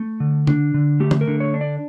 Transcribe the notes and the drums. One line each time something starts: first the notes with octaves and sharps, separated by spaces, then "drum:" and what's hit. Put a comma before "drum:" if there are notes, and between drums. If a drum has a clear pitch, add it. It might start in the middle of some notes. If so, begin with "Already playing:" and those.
Already playing: A3
D3
D4, drum: tom
D3
A3 G4
drum: tom
A#4
D3
C#5
D4
D5